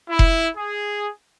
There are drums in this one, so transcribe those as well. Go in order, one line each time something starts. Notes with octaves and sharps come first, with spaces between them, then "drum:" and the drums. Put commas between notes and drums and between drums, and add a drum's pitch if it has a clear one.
E4
drum: kick F1
G#4